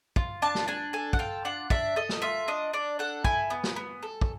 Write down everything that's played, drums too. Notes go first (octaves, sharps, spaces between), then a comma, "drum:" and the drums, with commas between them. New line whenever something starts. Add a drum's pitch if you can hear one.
F4, drum: kick
D4 A5
drum: snare
D4 G#5
A4 G#5
F#5, drum: kick
F4 G5
D4 F#5
D4 E5, drum: kick
A4 D#5
drum: snare
F4 E5
D4 D#5
D4 D5
A4 F#5
E4 G#5, drum: kick
B3
drum: snare
B3
A4
drum: kick